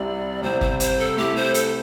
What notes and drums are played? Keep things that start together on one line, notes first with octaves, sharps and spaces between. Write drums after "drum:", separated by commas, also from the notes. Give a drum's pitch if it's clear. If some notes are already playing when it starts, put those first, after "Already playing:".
Already playing: C2 C3 G3 C4 E4 D5
C2 C3 G3 C4 E4 C5
C5, drum: kick G1
C5, drum: hi-hat
A4
C3 A3 E4 G4
C5
A4, drum: hi-hat